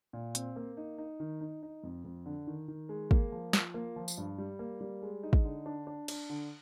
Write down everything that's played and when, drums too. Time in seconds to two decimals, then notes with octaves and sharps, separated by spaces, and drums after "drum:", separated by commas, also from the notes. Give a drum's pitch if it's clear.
0.13 A#2
0.35 C4, drum: hi-hat
0.56 A#3
0.77 D#4
0.98 D#4
1.20 D#3
1.41 D#4
1.63 D#4
1.83 F2
2.05 F2
2.26 D3
2.47 D#3
2.68 D#3
2.89 G#3
3.11 A#3, drum: kick
3.32 F3
3.53 F4, drum: snare
3.74 A#3
3.96 F3
4.08 drum: tambourine
4.18 G2
4.38 G3
4.59 A#3
4.81 G3
5.02 G#3
5.23 D#4
5.33 drum: kick
5.44 D3
5.66 D4
5.87 D4
6.08 D4, drum: cymbal
6.30 D3